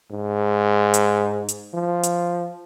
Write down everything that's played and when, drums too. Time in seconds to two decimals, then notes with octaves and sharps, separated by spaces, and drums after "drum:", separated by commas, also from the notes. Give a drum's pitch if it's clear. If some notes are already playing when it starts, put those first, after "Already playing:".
0.11 G#2
0.94 drum: hi-hat
1.49 drum: hi-hat
1.74 F3
2.03 drum: hi-hat